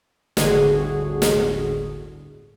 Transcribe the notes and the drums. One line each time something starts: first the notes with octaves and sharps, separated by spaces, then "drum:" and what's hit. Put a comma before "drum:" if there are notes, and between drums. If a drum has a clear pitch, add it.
G1 D2 A2 D3 F#4 G#4, drum: snare
drum: snare